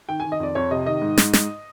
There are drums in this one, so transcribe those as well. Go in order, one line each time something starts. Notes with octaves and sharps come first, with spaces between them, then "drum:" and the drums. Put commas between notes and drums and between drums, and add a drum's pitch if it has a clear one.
D#3 G5
D#3 G#5
D#5
F2 D5
F2 C#5
C3 D#5
D#3 D#5
G#2
G#2, drum: snare
G#2, drum: snare